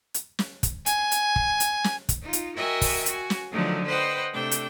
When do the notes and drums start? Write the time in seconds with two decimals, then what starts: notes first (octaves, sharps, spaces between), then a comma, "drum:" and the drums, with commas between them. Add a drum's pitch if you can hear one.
0.14 drum: hi-hat
0.39 drum: snare
0.63 drum: kick, hi-hat
0.86 G#5, drum: hi-hat
1.11 drum: hi-hat
1.36 drum: kick
1.60 drum: hi-hat
1.84 drum: snare
2.09 drum: kick, hi-hat
2.21 D#4 F4
2.33 drum: hi-hat
2.55 F#4 A#4 D#5 E5 G5 G#5
2.81 drum: kick, open hi-hat
3.06 F#4 G#5, drum: hi-hat
3.30 drum: snare
3.51 D3 D#3 F3 F#3 A3
3.85 B4 C5 D#5 F#5 G5
4.32 C3 A3 D4 G5
4.51 drum: hi-hat